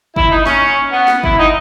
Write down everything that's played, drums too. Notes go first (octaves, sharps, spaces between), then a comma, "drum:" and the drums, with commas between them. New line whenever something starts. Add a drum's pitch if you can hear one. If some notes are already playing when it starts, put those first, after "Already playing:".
E4, drum: kick
D#4
C#4, drum: snare
B3
drum: snare
E4, drum: kick
D#4